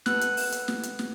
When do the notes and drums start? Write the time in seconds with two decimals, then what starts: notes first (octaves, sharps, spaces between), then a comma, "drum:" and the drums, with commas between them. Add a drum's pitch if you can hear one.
0.06 B3 A4 F#6, drum: snare
0.21 drum: hi-hat
0.37 drum: open hi-hat
0.52 drum: hi-hat
0.68 drum: snare
0.83 drum: hi-hat
0.99 drum: snare